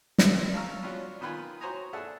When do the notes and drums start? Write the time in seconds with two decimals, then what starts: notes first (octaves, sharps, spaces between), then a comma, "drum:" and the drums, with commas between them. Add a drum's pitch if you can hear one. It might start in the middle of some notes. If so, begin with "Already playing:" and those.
0.18 C2 E4, drum: snare
0.53 F5 A5 A#5 C#6 E6 F6
0.83 B3 C#4 D4 F4 F#4
1.21 D#3 B3 F4 B4 G#5
1.60 F#4 C5 C#5 G#5 A#5 D#6
1.93 D4 G#4 A4 E5 F#5 A5